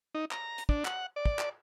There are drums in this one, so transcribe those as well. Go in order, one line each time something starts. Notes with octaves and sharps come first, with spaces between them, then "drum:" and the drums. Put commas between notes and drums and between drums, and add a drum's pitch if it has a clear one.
D#4
A#5, drum: clap
drum: hi-hat
D4, drum: kick
F#5, drum: clap
D5
drum: kick
drum: clap